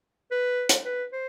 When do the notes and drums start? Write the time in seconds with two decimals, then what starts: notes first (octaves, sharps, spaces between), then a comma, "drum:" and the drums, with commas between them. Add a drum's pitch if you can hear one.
0.31 B4
0.69 drum: hi-hat
0.85 B4
1.13 C5